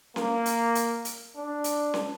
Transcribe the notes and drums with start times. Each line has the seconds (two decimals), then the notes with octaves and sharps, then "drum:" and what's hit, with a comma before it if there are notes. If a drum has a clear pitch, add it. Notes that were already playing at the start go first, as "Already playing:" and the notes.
0.16 A#3, drum: snare C#4
0.46 drum: hi-hat
0.75 drum: hi-hat
1.05 drum: hi-hat
1.36 D4
1.64 drum: hi-hat
1.94 drum: snare C#4